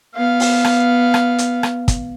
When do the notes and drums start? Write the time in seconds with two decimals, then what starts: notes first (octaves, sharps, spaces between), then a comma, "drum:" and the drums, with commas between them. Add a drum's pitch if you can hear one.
0.15 B3 F5
0.40 drum: open hi-hat
0.65 drum: rim click
1.14 drum: rim click
1.38 drum: hi-hat
1.63 drum: rim click
1.88 drum: kick, hi-hat